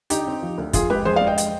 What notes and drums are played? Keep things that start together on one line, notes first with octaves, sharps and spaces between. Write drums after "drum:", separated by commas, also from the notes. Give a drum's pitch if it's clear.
D3 D#4 G4, drum: hi-hat
C4
F3
D2
F2 F4 G#4, drum: kick, hi-hat
G#3 G4 B4
F2 G#4 C5
D5 F5
G#3
D#5 G5
drum: hi-hat